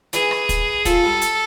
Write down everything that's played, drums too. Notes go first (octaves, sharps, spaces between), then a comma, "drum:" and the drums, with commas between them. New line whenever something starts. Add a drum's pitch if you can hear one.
E3 G#4, drum: hi-hat
drum: rim click
drum: kick, hi-hat
F3 A4, drum: kick, hi-hat
G3
drum: hi-hat